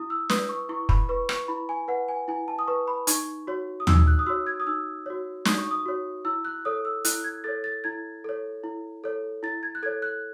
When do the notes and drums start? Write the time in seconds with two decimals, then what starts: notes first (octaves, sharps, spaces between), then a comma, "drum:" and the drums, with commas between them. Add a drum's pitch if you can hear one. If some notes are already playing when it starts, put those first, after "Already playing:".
Already playing: E4 D#6
0.10 E6
0.29 B4 D#6, drum: snare
0.49 C#6
0.69 E4 C#6
0.89 B5, drum: kick
1.09 B4 C#6
1.29 C#6, drum: rim click
1.48 E4 B5
1.69 G#5
1.88 B4 F#5
2.08 G#5
2.28 E4 G#5
2.48 A5
2.59 D#6
2.67 B4 C#6
2.88 B5
3.07 D#4 C#6, drum: hi-hat
3.47 F#4 C#5
3.80 D#6
3.87 D#4 E6, drum: tom D#2
4.07 F#6
4.19 D#6
4.26 F#4 C#5 E6
4.46 G#6
4.60 D#6
4.67 D#4 E6
5.06 F#4 C#5
5.45 D#4 D#6, drum: snare
5.58 C#6
5.71 D#6
5.86 F#4 C#5
6.25 E4 E6
6.45 F#6
6.65 A4 C#5 D#6
6.85 E6
7.05 E4 F#6, drum: hi-hat
7.24 G#6
7.44 A4 C#5 A6
7.64 A6
7.84 E4 G#6
8.25 A4 C#5
8.64 E4
9.04 A4 C#5
9.43 E4 A6
9.63 G#6
9.75 F#6
9.83 A4 C#5 G#6
10.02 F#6